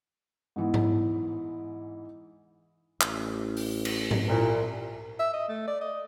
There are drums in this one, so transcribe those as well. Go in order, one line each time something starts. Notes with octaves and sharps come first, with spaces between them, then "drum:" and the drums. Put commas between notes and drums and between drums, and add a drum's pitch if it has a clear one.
G#2 E3 B3
drum: tom G#2
A1, drum: clap
drum: open hi-hat
drum: cymbal
drum: tom G#2
C2 A#2
E5
D#5
A3
D5
D#5